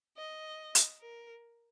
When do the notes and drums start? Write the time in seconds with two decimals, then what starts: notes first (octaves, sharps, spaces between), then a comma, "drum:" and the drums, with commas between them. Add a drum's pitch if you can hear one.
0.18 D#5
0.75 drum: hi-hat
1.00 A#4